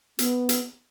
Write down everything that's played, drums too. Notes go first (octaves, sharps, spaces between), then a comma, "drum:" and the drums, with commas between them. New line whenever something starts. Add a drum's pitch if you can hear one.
B3, drum: hi-hat
drum: hi-hat